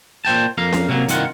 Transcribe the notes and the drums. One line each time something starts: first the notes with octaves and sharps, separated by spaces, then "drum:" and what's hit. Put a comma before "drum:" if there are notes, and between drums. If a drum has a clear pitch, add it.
A#2 C5 G5 A5
F2 A#4 F5
drum: snare C#4
C3 F#3 A#3
C2 G2 D#3 F4 F#5, drum: hi-hat